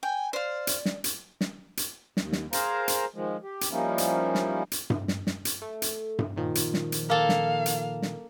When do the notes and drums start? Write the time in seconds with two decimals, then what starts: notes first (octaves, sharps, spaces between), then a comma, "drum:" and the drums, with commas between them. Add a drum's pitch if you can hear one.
0.03 G5 G#5
0.33 C5 D5 F5
0.67 drum: hi-hat
0.85 drum: snare
1.04 drum: hi-hat
1.41 drum: snare
1.77 drum: hi-hat
2.17 D#2, drum: snare
2.33 drum: snare
2.53 G#4 A#4 C5 F5 A#5, drum: hi-hat
2.88 drum: hi-hat
3.14 D#3 F3 G#3
3.43 G4
3.61 drum: hi-hat
3.71 F3 G3 A#3 C#4 D#4 E4
3.98 drum: hi-hat
4.35 drum: snare
4.72 drum: hi-hat
4.90 drum: tom G2
5.08 drum: snare
5.27 drum: snare
5.45 drum: hi-hat
5.62 A3
5.82 drum: hi-hat
6.19 drum: tom G2
6.36 A#2 D#3 F3
6.55 drum: hi-hat
6.74 drum: snare
6.92 drum: hi-hat
7.10 A#3 A4 F5
7.29 drum: snare
7.66 drum: hi-hat
8.02 drum: snare